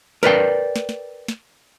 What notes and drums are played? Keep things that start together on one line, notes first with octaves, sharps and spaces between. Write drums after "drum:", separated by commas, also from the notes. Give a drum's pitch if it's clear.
A#4 B4 D5 G5, drum: snare
drum: snare
drum: snare
drum: snare